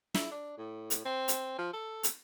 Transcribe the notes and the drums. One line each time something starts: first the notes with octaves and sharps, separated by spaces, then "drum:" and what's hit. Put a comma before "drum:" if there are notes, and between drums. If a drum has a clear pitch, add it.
E4, drum: snare
D4
A2
drum: hi-hat
C4
drum: hi-hat
F3
A4
drum: hi-hat